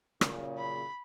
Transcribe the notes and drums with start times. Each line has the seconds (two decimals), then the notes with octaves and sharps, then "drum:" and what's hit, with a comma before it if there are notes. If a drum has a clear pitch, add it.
0.21 F#2 A#2 C#3, drum: rim click
0.58 B5